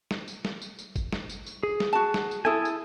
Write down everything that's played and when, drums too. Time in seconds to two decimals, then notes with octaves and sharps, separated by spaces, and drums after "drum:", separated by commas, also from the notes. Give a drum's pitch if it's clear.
0.11 drum: snare
0.28 drum: tambourine
0.45 drum: snare
0.62 drum: tambourine
0.79 drum: tambourine
0.96 drum: kick G1, tambourine
1.13 drum: snare
1.29 drum: tambourine
1.46 drum: tambourine
1.63 G#4
1.80 drum: snare
1.93 F#4 A5
2.14 drum: snare
2.31 drum: tambourine
2.45 E4 A4 G#5 D#6
2.65 drum: tambourine